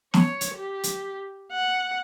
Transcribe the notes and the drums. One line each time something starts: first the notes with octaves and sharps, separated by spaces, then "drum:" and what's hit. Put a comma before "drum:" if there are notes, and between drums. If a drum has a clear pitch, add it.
C#5, drum: snare
drum: hi-hat
G4
drum: hi-hat
F#5